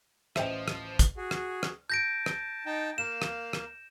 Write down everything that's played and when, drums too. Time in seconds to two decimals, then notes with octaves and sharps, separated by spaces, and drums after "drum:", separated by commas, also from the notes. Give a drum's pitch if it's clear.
0.36 A1 F3 C5 D#5 E5 G5, drum: rim click
0.68 drum: rim click
0.99 drum: kick, hi-hat
1.17 F#4 G#4
1.31 drum: rim click
1.63 drum: rim click
1.90 A5 G6 A#6 D7
2.26 drum: rim click
2.66 D#4 G5 A5
2.98 A#3 F5 E7
3.22 drum: rim click
3.53 drum: rim click